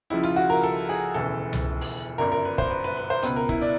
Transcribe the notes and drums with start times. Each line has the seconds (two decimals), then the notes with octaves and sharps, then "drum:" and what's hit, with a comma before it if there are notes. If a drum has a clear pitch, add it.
0.10 C#2 C#3 F3 E4
0.23 F4
0.36 F#4
0.50 A#4
0.63 A4
0.89 G#4
1.14 E1 D2 C#3 E3 A4
1.53 drum: tom C2
1.81 drum: open hi-hat
2.18 G1 F#2 D3 A#4
2.32 A#4
2.45 B4
2.58 C5, drum: kick
2.71 B4
2.84 B4
2.97 B4
3.10 C5
3.23 C#2 B2 B4, drum: hi-hat
3.36 A#4
3.49 E4, drum: kick
3.61 D4